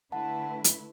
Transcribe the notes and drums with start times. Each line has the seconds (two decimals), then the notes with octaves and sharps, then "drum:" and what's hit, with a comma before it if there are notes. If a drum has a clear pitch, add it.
0.12 D3 A3 E4 B4 F#5 A5
0.64 drum: hi-hat